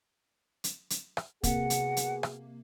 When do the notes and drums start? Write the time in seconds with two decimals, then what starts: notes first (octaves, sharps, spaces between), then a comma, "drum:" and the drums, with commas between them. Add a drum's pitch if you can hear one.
0.64 drum: hi-hat
0.90 drum: hi-hat
1.17 drum: rim click
1.43 C3 A#3 B3 F#4 G#4 F#5, drum: kick, hi-hat
1.70 drum: hi-hat
1.97 drum: hi-hat
2.23 drum: rim click